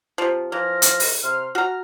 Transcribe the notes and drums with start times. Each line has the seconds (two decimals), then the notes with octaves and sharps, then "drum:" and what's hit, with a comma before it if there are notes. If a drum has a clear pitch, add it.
0.18 C3 F3
0.52 E3 F3 A#5 F6
0.82 drum: hi-hat
1.00 drum: open hi-hat
1.24 C3 C6 F6
1.55 F#4 A#5 F6